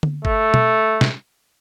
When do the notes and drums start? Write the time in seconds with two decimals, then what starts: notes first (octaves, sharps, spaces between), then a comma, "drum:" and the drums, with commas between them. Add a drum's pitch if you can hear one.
0.03 drum: tom D3
0.25 A3, drum: kick G1
0.54 drum: tom B2
1.01 drum: snare